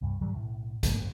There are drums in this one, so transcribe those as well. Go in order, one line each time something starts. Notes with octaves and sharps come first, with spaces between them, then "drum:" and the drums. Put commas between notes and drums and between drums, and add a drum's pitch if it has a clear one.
C2 G2
G#2 D#3 F#3 G3
B1 A2
G#2 F#3 A3 B3, drum: kick A#1, hi-hat
F#1